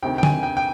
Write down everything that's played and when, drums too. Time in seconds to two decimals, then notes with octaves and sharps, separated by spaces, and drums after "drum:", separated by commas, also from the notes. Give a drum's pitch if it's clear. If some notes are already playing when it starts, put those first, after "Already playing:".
0.02 D2 C3 D#3 G5
0.18 G5
0.23 G#5, drum: tom
0.43 G5
0.57 G5